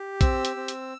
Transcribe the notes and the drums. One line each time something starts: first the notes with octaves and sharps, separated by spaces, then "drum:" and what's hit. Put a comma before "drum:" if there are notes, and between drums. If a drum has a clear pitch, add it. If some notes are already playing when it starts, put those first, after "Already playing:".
Already playing: G4
C4 E6, drum: kick A#1, hi-hat
drum: hi-hat
C4
drum: hi-hat